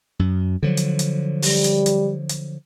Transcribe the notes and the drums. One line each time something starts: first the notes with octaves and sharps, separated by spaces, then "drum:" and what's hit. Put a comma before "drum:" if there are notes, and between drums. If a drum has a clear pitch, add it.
F#2
D3 F3 F#3
drum: hi-hat
drum: hi-hat
G3, drum: open hi-hat
drum: hi-hat
drum: hi-hat
drum: hi-hat